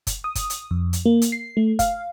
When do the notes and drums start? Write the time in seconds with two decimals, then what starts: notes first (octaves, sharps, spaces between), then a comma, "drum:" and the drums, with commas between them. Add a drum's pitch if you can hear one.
0.07 drum: kick F#1, hi-hat
0.24 D#6
0.35 drum: kick F#1, hi-hat
0.50 drum: hi-hat
0.71 F2
0.93 drum: hi-hat
1.06 A#3
1.22 drum: hi-hat
1.32 C7
1.57 A3
1.79 F5, drum: kick F#1, hi-hat